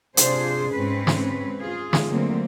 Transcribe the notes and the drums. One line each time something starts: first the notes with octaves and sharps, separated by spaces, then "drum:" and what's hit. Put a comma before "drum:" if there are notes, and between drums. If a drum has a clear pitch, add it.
C3 D4 F4 G#4 C5, drum: hi-hat
G#2 C4 C#4 B4
drum: snare
F4 G#4
drum: snare
D3 F#3 A3 A#3 C4